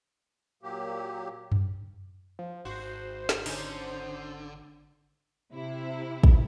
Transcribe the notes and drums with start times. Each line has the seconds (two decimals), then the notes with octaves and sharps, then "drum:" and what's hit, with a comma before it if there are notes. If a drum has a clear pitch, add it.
0.63 A#2 F#3 A#3 G4
1.52 drum: tom F#2
2.39 F3
2.65 G#1 F#4 C5
3.29 drum: snare
3.46 D3 C#4 D#4, drum: open hi-hat
5.53 C3 E4
6.24 drum: kick